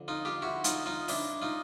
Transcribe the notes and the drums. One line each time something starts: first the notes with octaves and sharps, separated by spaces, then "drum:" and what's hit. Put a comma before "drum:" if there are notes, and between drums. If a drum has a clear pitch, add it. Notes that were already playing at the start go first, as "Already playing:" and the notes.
Already playing: F2 D3
D#4 F4
F4 G4
E4 F#4
D#4 F4, drum: hi-hat
D#4 F4
D4 E4, drum: open hi-hat
D#4 F4